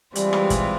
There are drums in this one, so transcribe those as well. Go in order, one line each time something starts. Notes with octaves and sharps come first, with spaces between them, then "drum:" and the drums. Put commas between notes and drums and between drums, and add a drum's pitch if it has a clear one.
E3 G3 G#3 C4 F4, drum: hi-hat
drum: rim click
drum: kick, hi-hat